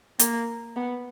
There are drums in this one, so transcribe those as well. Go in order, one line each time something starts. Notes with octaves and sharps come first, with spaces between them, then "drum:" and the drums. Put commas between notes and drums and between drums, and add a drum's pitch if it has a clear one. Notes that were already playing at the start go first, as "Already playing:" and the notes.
A#3, drum: hi-hat
B3